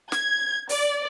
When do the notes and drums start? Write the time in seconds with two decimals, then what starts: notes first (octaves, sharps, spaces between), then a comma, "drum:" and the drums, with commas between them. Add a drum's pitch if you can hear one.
0.12 G#6, drum: snare
0.69 D5, drum: open hi-hat